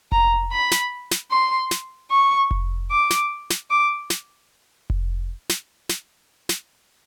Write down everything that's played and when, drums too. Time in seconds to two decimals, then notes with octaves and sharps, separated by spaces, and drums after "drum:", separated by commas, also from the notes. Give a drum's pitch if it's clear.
0.12 A#5, drum: kick F1
0.52 B5
0.71 drum: snare
1.11 drum: snare
1.31 C6
1.71 drum: snare
2.11 C#6
2.51 drum: kick F1
2.91 D6
3.10 drum: snare
3.50 drum: snare
3.70 D6
4.10 drum: snare
4.90 drum: kick F1
5.49 drum: snare
5.89 drum: snare
6.49 drum: snare